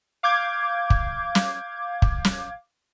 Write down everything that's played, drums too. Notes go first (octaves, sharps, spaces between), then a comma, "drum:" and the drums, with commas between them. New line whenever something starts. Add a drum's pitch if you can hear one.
F5 D6 G6 G#6
drum: kick
drum: snare
drum: kick
drum: snare